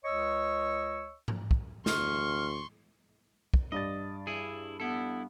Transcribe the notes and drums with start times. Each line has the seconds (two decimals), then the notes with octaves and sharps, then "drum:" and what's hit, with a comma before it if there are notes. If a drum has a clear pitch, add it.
0.05 C#2 C#5 D#5 C#6 E6
1.28 drum: tom G#2
1.51 drum: kick
1.86 D2 C6 C#6 F6, drum: snare
3.54 drum: kick
3.72 G2 D5 D#5 A6
4.27 E4 G#4
4.80 B3 E4 A4